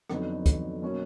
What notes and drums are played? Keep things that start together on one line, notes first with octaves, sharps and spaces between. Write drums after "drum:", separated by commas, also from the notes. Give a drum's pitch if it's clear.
F2 D3 F#3 B3 D#4, drum: rim click
drum: kick, hi-hat
B2 F#3 A#3 C#4